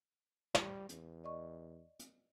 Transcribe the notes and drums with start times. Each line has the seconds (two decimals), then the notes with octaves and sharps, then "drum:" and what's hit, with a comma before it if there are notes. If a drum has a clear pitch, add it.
0.55 G3, drum: snare
0.89 E2, drum: hi-hat
1.24 D5 D#5 C#6
1.99 drum: hi-hat